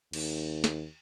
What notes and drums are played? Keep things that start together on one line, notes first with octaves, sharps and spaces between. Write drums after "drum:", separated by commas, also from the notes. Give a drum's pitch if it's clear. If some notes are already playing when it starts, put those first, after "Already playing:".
D#2, drum: cymbal
drum: snare